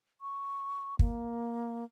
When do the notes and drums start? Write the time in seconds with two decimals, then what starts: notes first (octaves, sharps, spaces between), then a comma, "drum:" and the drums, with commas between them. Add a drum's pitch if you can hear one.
0.21 C#6
0.99 A#3, drum: kick